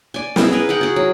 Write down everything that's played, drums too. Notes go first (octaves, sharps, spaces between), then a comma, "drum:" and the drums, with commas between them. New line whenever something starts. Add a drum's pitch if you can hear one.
D5 G#5
B3 E4 G#4, drum: snare
G#4 A#4 B4
G#4 A#4 F#5 G5
F#4 G#4
F#3